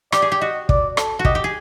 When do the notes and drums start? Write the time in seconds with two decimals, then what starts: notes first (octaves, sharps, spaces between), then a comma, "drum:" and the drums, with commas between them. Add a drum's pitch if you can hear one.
0.12 G4 D5, drum: rim click
0.22 G#4
0.32 G4
0.41 F#4 D#5
0.69 D5, drum: kick
0.97 A4, drum: rim click
1.19 F#4
1.25 G4 D#5, drum: kick
1.35 G4
1.44 G#4